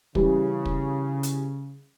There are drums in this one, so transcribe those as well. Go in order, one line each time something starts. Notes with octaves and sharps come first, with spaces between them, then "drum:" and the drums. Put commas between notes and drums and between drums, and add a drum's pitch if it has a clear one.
C#3 E3 G3, drum: kick
drum: kick
drum: hi-hat